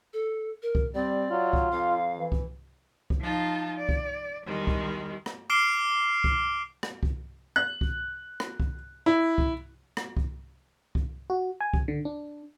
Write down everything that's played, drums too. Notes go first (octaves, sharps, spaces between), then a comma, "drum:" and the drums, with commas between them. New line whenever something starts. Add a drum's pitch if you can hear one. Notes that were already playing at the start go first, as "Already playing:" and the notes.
A4
A#4
drum: kick C2
G3 C4 D5
F#3 F4
drum: kick C2
F2 F5
E3
drum: kick C2
drum: kick C2
F3 D#4 F4 A5
D5
drum: kick C2
E2 D#3 G3 G#3
drum: kick C2
drum: rim click
D6 F6 C7 D7 E7 G7
drum: kick C2
drum: rim click
drum: kick C2
F#6
drum: kick C2
drum: rim click
drum: kick C2
E4
drum: kick C2
drum: rim click
drum: kick C2
drum: kick C2
F#4
G#5
drum: kick C2
D3
D4